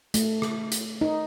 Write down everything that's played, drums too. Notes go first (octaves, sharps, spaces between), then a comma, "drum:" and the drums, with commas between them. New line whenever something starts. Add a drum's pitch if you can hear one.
A3, drum: hi-hat
drum: rim click
drum: hi-hat
D#4